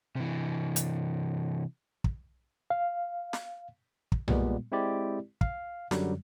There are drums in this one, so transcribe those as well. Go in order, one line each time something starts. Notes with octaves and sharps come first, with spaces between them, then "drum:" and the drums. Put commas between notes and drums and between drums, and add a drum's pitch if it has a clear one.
C3 E3
drum: hi-hat
drum: kick
F5
drum: snare
drum: kick
A#2 G3 G#3 B3, drum: tom B1
G#3 C4 E4 G4 D5
F5, drum: kick
F#2 D3 F#3 G3, drum: snare